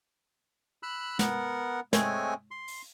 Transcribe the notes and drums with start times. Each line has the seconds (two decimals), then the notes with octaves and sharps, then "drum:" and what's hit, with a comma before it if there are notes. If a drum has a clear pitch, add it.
0.83 B5 E6 F#6
1.19 B3 A#4 F#5, drum: snare
1.93 G#3 A3 C4 C#5 G#5, drum: snare
2.51 C6
2.68 drum: open hi-hat